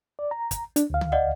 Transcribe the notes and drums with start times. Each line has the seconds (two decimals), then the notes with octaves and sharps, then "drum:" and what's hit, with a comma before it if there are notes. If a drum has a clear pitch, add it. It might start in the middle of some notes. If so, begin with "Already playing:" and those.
0.19 D5
0.31 A#5
0.51 drum: kick, hi-hat
0.76 D4, drum: hi-hat
0.90 D2 F5
1.01 drum: tom D3
1.12 D5 D#5 F#5